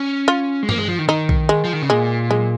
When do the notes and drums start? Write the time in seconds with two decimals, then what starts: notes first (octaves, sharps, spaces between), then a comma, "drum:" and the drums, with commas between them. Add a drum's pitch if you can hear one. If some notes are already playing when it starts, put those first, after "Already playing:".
Already playing: C#4
0.28 F4
0.63 G#3
0.69 A#3, drum: tom G2
0.78 G#3
0.88 F3
0.99 D#3
1.09 D#3 D#4
1.29 drum: kick B1
1.49 G#3
1.64 F3
1.73 D#3
1.82 C#3
1.90 A#2 G#3
2.31 G#3, drum: tom F#3